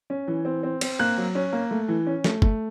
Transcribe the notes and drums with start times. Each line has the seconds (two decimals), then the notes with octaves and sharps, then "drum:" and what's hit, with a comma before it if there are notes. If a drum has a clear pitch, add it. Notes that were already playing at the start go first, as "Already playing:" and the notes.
0.10 C#4
0.28 E3
0.45 C4
0.63 C4
0.81 C4, drum: cymbal
0.99 A#3 F#6
1.17 F#3
1.35 C#4
1.52 A#3
1.71 A3
1.88 E3
2.07 C#4
2.24 A3, drum: snare
2.42 A3, drum: kick G1